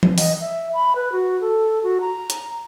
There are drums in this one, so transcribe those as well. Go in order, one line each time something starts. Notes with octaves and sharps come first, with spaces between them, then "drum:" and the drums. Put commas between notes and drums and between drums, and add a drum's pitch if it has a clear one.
drum: tom E3
D#5, drum: open hi-hat
E5
B5
B4
F#4
A4
F#4
A#5
drum: hi-hat